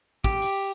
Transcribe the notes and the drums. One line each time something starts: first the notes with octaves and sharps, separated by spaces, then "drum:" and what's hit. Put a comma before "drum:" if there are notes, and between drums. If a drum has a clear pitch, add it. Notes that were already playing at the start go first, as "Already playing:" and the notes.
G4, drum: kick
drum: open hi-hat